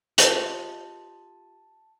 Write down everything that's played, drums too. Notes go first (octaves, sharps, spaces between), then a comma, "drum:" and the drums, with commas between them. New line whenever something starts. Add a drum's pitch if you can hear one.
F4 G4 D#5 A5, drum: hi-hat